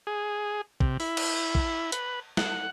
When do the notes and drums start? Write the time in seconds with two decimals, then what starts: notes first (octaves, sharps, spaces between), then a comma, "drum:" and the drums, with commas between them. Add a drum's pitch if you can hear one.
0.07 G#4
0.80 C3, drum: kick
1.00 E4, drum: open hi-hat
1.17 drum: cymbal
1.55 drum: kick
1.92 B4, drum: hi-hat
2.37 F#5, drum: snare